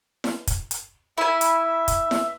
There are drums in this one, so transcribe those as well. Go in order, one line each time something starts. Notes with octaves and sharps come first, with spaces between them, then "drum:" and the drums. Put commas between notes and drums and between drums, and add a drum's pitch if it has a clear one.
drum: snare E4
drum: kick, hi-hat
drum: hi-hat
E4 E5 G#5
drum: hi-hat
drum: kick, hi-hat
drum: snare E4